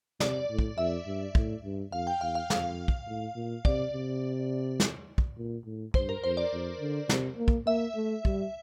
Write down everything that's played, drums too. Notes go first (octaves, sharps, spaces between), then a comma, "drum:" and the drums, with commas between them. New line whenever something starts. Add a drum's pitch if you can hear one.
C3 D5, drum: snare
A2
drum: kick
F2 E5
G2
A2, drum: kick
G2
F2 F5
G5
E2 F5
F5
F2 F5, drum: snare
drum: kick
A2
A#2
C3 D5, drum: kick
C3
drum: snare
drum: kick
A#2
A2
G2 C5, drum: kick
A#4
F2 C5
D5
F2
D3
C3, drum: snare
A#3
drum: kick
A#3 E5
A3
G3, drum: kick